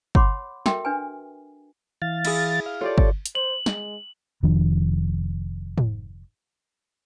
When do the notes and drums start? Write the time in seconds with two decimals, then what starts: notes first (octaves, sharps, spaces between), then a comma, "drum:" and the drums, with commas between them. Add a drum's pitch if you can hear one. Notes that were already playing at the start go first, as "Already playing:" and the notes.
0.15 C#5 F#5 B5 C6 D6, drum: kick G1
0.66 F#4 A4 A#4 E5 G5, drum: snare
0.85 D4 B4 G#5
2.02 E3 F5 A6
2.25 E4 G#4, drum: cymbal
2.66 F5
2.81 F4 G4 A4 C#5 D5
2.98 drum: kick G1
3.26 drum: hi-hat
3.35 C5 F#7
3.66 G#3, drum: snare
4.43 F1 D#3 F3 D4
5.78 drum: tom G#2